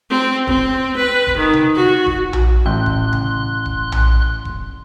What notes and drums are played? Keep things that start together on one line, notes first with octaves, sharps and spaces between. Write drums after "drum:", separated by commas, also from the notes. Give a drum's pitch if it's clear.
C4
C4, drum: kick E1
B4
drum: kick E1
D#3
drum: tom C3
F#4
drum: kick E1
drum: tom A#1
A1 E5 G5 C6 F#6
drum: kick E1
drum: tom C3
drum: kick E1
drum: tom A#1
drum: kick E1